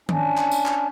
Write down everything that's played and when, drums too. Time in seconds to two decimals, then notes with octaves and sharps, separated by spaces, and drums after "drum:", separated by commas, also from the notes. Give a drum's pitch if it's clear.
0.09 C#4 D4, drum: tom D#3
0.37 drum: clap
0.52 drum: tambourine
0.66 drum: clap